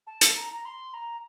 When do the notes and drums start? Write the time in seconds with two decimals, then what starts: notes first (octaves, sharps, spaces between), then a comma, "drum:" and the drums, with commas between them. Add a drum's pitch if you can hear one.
0.06 A5
0.21 drum: hi-hat
0.35 A#5
0.53 A#5
0.65 C6
0.93 A#5